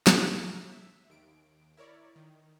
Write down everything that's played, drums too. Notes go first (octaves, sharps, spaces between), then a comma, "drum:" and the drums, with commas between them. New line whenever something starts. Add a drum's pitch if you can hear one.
drum: snare
E6
E5
D#2 D7
E4 A#4 C#5 D5
D#3